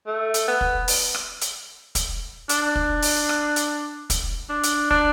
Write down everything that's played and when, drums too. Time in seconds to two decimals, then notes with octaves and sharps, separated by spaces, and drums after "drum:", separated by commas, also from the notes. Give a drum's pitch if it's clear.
0.07 A3
0.34 drum: hi-hat
0.48 B3
0.61 drum: kick
0.88 drum: open hi-hat
1.14 drum: rim click
1.41 drum: hi-hat
1.95 drum: kick, hi-hat
2.49 D4, drum: hi-hat
2.75 drum: kick
3.02 drum: open hi-hat
3.29 drum: rim click
3.56 drum: hi-hat
4.10 drum: kick, hi-hat
4.49 D4
4.63 drum: hi-hat
4.91 D4, drum: kick